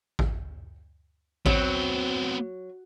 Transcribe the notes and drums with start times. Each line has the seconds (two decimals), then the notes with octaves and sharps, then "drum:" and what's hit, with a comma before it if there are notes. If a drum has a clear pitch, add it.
0.19 drum: kick A1
1.46 F#3 B3 C4, drum: kick A1